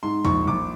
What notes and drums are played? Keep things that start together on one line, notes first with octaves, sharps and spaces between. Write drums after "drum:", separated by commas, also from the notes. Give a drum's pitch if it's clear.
G#2 C6
A#1 C#6, drum: tom E2
A#1 D6